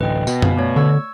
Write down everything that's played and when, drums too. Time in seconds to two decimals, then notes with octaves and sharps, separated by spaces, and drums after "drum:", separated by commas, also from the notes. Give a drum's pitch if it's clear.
0.01 D1 A1 B4 D#5 G5
0.27 B2, drum: tambourine
0.42 F5 G#5, drum: tom F#2
0.57 A3 C#5 D5
0.76 D3 C#6 E6 G#6